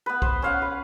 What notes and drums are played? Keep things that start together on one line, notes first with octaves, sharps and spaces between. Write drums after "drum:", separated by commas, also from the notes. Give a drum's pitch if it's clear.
B3 B4
C5, drum: kick
C#4 F5 F#5
B4